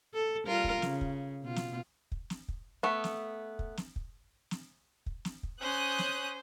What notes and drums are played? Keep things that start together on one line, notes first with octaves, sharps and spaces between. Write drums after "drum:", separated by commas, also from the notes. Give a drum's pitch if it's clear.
A4
G3 F4 A#4
drum: kick
C#3, drum: snare
drum: kick
B2 F4
drum: snare
drum: kick
drum: snare
drum: kick
A3 B3
drum: snare
drum: kick
drum: snare
drum: kick
drum: snare
drum: kick
drum: snare
drum: kick
C#4 C5 D#6 F#6
drum: snare